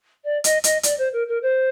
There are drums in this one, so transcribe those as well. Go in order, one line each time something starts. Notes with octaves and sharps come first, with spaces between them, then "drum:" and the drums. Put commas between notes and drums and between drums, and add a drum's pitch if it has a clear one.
D5
D#5, drum: hi-hat
D#5, drum: hi-hat
D5, drum: hi-hat
C5
A#4
A#4
C5